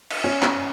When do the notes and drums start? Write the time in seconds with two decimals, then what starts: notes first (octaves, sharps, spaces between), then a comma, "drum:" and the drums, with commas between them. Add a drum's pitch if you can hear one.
0.10 drum: cymbal
0.24 C#4
0.42 C#4, drum: clap